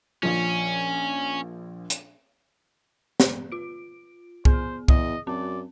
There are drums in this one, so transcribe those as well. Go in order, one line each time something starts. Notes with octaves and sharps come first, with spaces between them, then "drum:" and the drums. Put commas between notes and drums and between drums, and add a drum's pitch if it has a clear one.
A#1 F3 C#4
drum: hi-hat
drum: snare
F4 D7
B3 G#4 C5, drum: kick C2
E2 D#5, drum: kick C2
F#2 C4 D5